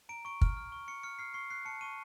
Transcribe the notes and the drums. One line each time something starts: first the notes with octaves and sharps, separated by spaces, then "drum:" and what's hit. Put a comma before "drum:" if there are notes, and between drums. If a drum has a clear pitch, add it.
A#5 D7
C#6 D7
F6, drum: kick
F6
C#6
C#6 C#7
F6 C#7
F6 C7
C#6 C7
F#6 C7
A5 C#7
C#6 D#7